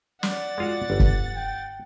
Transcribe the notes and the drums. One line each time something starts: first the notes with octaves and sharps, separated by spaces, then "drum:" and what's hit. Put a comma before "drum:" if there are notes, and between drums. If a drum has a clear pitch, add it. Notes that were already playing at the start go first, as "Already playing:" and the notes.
D5 F#5 A6, drum: snare
G#3 F4 F#4
G1
drum: kick
G5